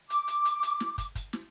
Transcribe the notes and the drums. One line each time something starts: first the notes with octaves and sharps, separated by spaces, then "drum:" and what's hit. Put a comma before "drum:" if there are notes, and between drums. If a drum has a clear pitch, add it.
D6, drum: hi-hat
drum: hi-hat
drum: hi-hat
drum: hi-hat
drum: snare
drum: kick, hi-hat
drum: kick, hi-hat
drum: snare